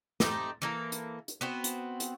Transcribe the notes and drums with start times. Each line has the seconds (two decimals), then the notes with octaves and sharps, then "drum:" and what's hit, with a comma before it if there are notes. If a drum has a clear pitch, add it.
0.20 A3 C4 D#4 G4, drum: snare
0.62 E3 A#3 A4
0.92 drum: hi-hat
1.28 drum: hi-hat
1.41 B3 C4 F#4
1.64 drum: hi-hat
2.00 drum: hi-hat